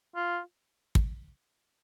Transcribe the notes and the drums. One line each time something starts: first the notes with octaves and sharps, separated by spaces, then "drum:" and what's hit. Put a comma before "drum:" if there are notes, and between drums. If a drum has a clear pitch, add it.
F4
drum: kick